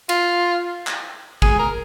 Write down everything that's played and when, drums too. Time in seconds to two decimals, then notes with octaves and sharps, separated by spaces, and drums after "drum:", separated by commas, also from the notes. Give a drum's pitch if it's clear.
0.09 F4, drum: cymbal
0.87 drum: clap
1.42 G#4, drum: kick
1.59 A#4